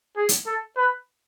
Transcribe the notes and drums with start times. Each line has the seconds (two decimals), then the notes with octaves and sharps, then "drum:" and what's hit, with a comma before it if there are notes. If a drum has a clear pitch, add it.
0.17 G#4
0.29 drum: hi-hat
0.46 A4
0.77 B4